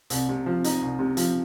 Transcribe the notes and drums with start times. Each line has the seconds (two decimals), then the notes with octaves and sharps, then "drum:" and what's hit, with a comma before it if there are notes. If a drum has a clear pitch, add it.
0.10 C2, drum: hi-hat
0.29 C3
0.46 F3
0.64 D#4, drum: hi-hat
0.82 C2
0.99 C3
1.17 F3, drum: hi-hat